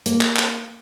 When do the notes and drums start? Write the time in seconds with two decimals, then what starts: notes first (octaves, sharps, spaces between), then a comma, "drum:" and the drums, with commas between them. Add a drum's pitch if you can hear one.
0.06 A#3, drum: hi-hat
0.21 drum: clap
0.37 drum: clap